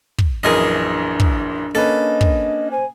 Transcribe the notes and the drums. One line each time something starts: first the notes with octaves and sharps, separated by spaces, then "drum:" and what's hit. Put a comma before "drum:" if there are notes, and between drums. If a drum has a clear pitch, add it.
drum: kick
A#1 F#2 E3 D4 G#4 A#4 D#5
drum: kick
A#3 C#4 A4 B4 D#5
drum: kick
C5 G#5